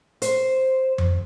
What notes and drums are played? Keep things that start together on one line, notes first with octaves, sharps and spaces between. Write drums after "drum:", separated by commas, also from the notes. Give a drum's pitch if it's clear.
C5, drum: hi-hat
drum: tom F2